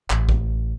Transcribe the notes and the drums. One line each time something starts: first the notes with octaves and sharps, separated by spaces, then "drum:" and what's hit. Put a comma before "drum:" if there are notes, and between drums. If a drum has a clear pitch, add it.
A1, drum: clap
drum: kick A#1